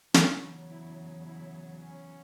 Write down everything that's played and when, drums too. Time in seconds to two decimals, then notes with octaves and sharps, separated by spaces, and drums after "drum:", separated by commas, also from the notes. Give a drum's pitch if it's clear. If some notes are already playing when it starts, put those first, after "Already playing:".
0.14 E2 C#3 F#3 C#4, drum: snare
0.70 E4
1.26 E4
1.82 C#4